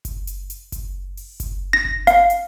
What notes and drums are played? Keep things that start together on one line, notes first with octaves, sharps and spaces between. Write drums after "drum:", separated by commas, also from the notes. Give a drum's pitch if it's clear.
drum: kick F#1, hi-hat
drum: hi-hat
drum: hi-hat
drum: kick F#1, hi-hat
drum: open hi-hat
drum: kick F#1, hi-hat
A#6
drum: kick F#1
F5, drum: hi-hat
drum: hi-hat